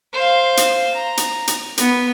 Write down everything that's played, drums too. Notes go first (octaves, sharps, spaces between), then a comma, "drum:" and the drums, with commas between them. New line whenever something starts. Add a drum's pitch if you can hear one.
C5 F5
drum: hi-hat
A#5
drum: hi-hat
drum: hi-hat
B3, drum: hi-hat